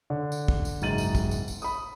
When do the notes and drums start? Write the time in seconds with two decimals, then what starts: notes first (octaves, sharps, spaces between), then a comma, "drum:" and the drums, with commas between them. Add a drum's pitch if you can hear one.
0.10 D3
0.32 drum: tambourine
0.48 drum: kick
0.65 drum: tambourine
0.82 F#1 G#2 D#4 A6 D#7 F#7, drum: tambourine
0.98 drum: tambourine
1.15 drum: kick, tambourine
1.31 drum: tambourine
1.48 drum: tambourine
1.62 B5 D#6, drum: tambourine